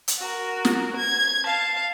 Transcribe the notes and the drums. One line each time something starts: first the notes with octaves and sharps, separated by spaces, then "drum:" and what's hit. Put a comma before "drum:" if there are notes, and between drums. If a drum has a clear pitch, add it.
drum: hi-hat
F#4 A#4
drum: snare
G#6
F5 A5